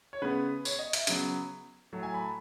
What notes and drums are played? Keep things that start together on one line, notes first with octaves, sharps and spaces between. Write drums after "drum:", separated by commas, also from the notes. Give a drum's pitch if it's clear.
C#5
C#3 G#3 B3 B4
C#5, drum: tambourine
D#5
E5, drum: hi-hat
C#3 F#3 B3, drum: hi-hat
A2 F#3 A3
G#5
B5
A5